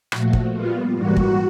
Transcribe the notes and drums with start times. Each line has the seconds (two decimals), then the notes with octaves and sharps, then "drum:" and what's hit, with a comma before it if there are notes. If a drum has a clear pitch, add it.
0.12 A#2 F3 A3 F#4, drum: rim click
0.33 drum: kick
0.53 A#2 G3 B3 F4
0.95 G#2 E3 G3 A#3 F#4
1.17 drum: kick